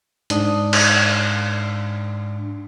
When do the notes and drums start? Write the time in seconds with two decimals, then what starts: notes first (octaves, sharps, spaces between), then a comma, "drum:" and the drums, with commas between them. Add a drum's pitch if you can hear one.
0.30 G#2 D4 D#6, drum: hi-hat
0.73 drum: cymbal